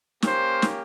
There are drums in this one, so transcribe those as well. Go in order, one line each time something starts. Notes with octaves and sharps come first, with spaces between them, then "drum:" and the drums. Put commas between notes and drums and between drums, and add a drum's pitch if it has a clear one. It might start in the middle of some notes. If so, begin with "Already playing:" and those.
A#3 C#4 G4 C5, drum: snare
drum: snare